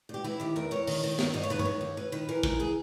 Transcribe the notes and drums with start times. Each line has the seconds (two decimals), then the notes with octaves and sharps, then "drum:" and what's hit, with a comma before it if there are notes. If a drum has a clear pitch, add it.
0.09 G2 G4
0.24 E3 E4
0.40 D#3 G4
0.56 E2 A#4
0.71 E2 C#5
0.87 D#3, drum: open hi-hat
1.03 D#3
1.19 G2, drum: snare
1.34 G2 D#5
1.43 C#5
1.50 D#3 B4
1.59 C#5, drum: tom G2
1.65 D#3
1.81 D#2
1.97 D#2 B4
2.12 D#3 B4
2.29 E3 A#4
2.43 G#2 A#4, drum: kick
2.60 G#4